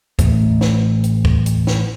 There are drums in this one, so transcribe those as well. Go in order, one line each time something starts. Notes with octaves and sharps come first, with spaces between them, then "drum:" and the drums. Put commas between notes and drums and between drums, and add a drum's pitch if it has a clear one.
A2 E3 A3, drum: kick, hi-hat
drum: snare
drum: hi-hat
drum: kick
drum: hi-hat
drum: snare